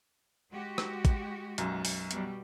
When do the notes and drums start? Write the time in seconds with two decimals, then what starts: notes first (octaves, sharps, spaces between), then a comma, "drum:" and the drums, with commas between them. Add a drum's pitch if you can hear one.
0.51 G#3 F#4 G4
0.78 drum: rim click
1.05 drum: kick, hi-hat
1.58 B1 F#2, drum: hi-hat
1.85 drum: open hi-hat
2.11 B2 G3, drum: hi-hat